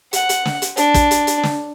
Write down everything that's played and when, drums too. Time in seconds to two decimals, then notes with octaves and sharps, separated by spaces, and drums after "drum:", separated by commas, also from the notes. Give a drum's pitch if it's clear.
0.13 F#5, drum: hi-hat
0.29 drum: hi-hat
0.45 drum: snare
0.62 drum: hi-hat
0.77 D4, drum: hi-hat
0.94 drum: kick, hi-hat
1.11 drum: hi-hat
1.27 drum: hi-hat
1.43 drum: snare